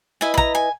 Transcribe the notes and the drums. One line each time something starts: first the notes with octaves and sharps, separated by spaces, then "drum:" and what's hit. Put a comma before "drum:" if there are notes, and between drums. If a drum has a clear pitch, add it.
E4 B4 D#5 G#5
B5
A#5, drum: kick
G#5